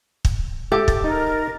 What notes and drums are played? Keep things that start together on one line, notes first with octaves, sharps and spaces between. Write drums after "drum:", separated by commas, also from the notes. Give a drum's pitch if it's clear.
drum: kick
G4 A4 E5 D6
A6, drum: kick
D#4 A#4